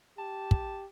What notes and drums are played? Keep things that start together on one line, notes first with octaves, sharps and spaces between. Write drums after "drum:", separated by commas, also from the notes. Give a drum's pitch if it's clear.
G4 A5
drum: kick